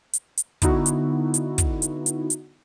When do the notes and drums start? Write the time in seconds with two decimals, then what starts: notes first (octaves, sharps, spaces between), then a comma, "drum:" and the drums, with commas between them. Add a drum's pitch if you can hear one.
0.14 drum: hi-hat
0.38 drum: hi-hat
0.62 D3 B3 D#4 E4 F#4, drum: kick, hi-hat
0.86 drum: hi-hat
1.34 drum: hi-hat
1.58 drum: kick, hi-hat
1.82 drum: hi-hat
2.06 drum: hi-hat
2.30 drum: hi-hat